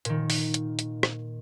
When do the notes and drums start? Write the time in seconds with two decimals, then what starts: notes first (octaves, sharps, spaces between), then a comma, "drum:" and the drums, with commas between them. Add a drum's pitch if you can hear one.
0.05 A#2 D#3, drum: hi-hat
0.30 drum: open hi-hat
0.54 drum: hi-hat
0.79 drum: hi-hat
1.03 drum: rim click